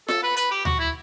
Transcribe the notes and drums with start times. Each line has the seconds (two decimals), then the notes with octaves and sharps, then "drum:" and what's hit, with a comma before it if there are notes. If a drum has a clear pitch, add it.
0.08 A4, drum: snare F4
0.23 B4
0.36 B4, drum: hi-hat
0.51 G4
0.65 F#4, drum: tom D2
0.80 E4